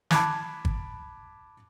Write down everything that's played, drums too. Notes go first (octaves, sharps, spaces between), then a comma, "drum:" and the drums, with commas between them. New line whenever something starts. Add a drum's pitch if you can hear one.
A5 B5 D6 F#6 G#6, drum: snare
drum: kick